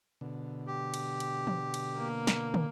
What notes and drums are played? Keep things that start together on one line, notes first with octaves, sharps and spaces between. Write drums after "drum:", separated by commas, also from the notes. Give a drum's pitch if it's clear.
B2 D3
G4
drum: cymbal
drum: cymbal
drum: tom E3
drum: cymbal
A#3
drum: snare
drum: tom